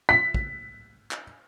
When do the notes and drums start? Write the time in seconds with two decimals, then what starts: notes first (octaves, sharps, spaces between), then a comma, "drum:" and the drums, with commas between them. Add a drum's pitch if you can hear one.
0.09 B6
0.34 drum: kick
1.11 drum: clap